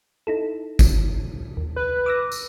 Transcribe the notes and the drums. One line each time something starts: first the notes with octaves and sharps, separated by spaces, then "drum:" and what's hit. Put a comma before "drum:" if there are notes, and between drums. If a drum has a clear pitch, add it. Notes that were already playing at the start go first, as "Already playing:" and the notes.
D#4 E4 A4
drum: kick G1, tambourine
D#2
B4
D6 E6 A#6
drum: tambourine